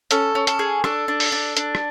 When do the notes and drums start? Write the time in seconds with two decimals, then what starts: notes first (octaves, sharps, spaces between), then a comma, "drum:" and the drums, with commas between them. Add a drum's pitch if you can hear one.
0.11 C#4 A4, drum: hi-hat
0.35 C#4
0.47 A4, drum: hi-hat
0.59 G#4
0.84 D4 A4, drum: rim click
1.08 D4
1.20 drum: open hi-hat
1.32 D4
1.57 D4, drum: hi-hat
1.75 drum: rim click